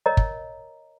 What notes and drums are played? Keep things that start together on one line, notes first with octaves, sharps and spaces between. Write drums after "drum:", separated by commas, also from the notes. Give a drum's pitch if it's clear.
A#4 C#5 D#5 A#5
drum: kick